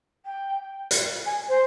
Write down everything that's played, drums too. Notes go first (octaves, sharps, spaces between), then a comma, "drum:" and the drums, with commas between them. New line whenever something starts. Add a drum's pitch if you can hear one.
G5
drum: hi-hat
G#5
C5